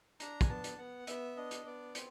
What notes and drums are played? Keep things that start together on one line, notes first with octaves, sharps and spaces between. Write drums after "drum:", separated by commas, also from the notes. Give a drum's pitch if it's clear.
D4 A#5, drum: hi-hat
G#5, drum: kick, hi-hat
B3 A5
drum: hi-hat
B3 F#5
B3 E5, drum: hi-hat
D4 D#5
drum: hi-hat
B3 D5
C4, drum: hi-hat